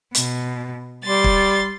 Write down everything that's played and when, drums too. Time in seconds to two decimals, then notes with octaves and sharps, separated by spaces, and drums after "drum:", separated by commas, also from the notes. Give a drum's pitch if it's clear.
0.15 B2, drum: hi-hat
1.04 G3 C6 A6
1.24 drum: kick